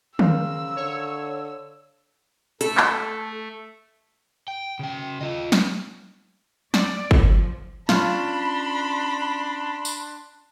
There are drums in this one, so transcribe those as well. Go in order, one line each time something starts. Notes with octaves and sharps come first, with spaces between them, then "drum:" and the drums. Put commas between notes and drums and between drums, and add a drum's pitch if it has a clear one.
C#3 A#4 C5 F5 E6, drum: tom D#3
D3 C#5
A3 A4, drum: hi-hat
drum: clap
G5
C#3 G5
F4 D#5
drum: snare
D5, drum: snare
F3, drum: kick
C#4 D4 F4 A5 B5 C6, drum: snare
drum: tambourine